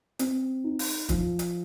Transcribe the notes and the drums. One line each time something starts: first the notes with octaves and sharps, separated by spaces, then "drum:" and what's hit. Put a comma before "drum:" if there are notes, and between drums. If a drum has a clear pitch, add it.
C4, drum: hi-hat
D#4
drum: open hi-hat
F3, drum: kick, hi-hat
drum: hi-hat